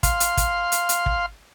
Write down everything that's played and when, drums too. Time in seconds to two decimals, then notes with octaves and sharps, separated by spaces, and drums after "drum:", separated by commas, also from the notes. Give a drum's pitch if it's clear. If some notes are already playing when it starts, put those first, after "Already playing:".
0.03 F5 C6, drum: kick, hi-hat
0.20 drum: hi-hat
0.37 drum: kick, hi-hat
0.72 drum: hi-hat
0.89 drum: hi-hat
1.06 drum: kick